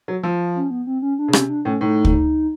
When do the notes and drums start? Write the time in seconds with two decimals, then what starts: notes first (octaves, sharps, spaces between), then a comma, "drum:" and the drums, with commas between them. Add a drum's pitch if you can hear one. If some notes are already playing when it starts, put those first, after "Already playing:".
0.08 F#3
0.23 F3
0.56 C#4
0.70 B3
0.87 C4
1.02 C#4
1.19 D4
1.28 C#3
1.33 C3 C#4, drum: rim click
1.49 D4
1.65 A2 C#4
1.81 A2 D#4
2.05 drum: kick